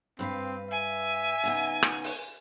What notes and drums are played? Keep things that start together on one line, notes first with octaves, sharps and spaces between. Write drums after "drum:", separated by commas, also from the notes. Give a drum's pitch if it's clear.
G2 C4 B4 F5
E5 G#5
C#3 B3 D#4
drum: rim click
drum: open hi-hat